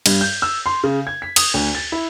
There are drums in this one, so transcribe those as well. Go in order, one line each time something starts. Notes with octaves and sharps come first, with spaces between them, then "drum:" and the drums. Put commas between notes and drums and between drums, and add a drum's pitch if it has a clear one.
G2, drum: cymbal
G6
E6
C6
C#3
G#6
B6
D#6, drum: cymbal
D2
A6
E4